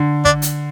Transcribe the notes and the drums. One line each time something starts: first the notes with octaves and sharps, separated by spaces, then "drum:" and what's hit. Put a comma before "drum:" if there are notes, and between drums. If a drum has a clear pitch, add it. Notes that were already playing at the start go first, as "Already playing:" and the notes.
Already playing: D3
D4, drum: kick
drum: hi-hat